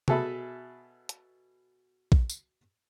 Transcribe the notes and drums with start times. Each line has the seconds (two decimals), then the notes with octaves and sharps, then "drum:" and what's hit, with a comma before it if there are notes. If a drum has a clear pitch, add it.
0.08 B2 G#4 A4 E5 G#5 B5, drum: tom C3
1.09 drum: hi-hat
2.12 drum: kick A#1
2.30 drum: tambourine